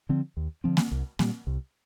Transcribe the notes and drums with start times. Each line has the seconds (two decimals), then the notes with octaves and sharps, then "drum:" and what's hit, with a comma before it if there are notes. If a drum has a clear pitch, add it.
0.09 D3 F3 C4
0.37 D#2
0.64 D3 F3 C4
0.77 drum: snare A#3
0.92 C2
1.19 A#2 G3, drum: snare A#3
1.47 C2